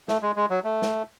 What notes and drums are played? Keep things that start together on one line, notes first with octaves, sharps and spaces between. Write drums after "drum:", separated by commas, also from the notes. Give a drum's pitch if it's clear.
A3, drum: snare
G#3
G#3
F#3
A3
drum: snare